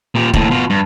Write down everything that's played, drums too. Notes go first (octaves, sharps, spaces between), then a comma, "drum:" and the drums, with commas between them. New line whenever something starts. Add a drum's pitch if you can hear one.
A#2 G4
D#2 A2, drum: kick
B2 F4
G2